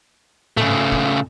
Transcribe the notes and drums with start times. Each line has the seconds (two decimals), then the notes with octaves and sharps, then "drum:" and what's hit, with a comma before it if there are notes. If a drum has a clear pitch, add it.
0.57 C#3 A3, drum: tom G#2
0.92 drum: kick